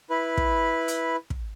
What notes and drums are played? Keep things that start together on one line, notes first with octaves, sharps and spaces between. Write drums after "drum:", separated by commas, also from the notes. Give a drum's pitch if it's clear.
E4 B4
drum: kick
drum: hi-hat
drum: kick